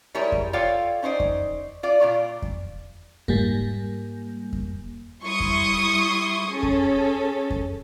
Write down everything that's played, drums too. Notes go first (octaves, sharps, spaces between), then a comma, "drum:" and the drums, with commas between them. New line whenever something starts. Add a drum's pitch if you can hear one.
G3 G#3 E4 A#4 C#5
drum: kick F2
F4 A4 C#5 D5 F5 G5
C#4 D#4 C5 D5
drum: kick F2
F4 D5
A#2 F#3 F4 D5
drum: kick F2
G#2 G3 A#3, drum: kick F2
drum: kick F2
G3 E4 C6 C#6 D#6
drum: kick F2
C#4 G#4 A4
drum: kick F2
drum: kick F2